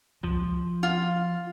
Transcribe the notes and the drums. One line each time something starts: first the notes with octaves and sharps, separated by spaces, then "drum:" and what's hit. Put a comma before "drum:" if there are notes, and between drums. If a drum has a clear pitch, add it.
F3, drum: kick C2
F4